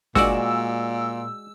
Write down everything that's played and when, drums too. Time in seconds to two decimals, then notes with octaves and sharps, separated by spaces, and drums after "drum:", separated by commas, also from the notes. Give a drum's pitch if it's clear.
0.15 A#2 G#3 F#4 D5 E6, drum: snare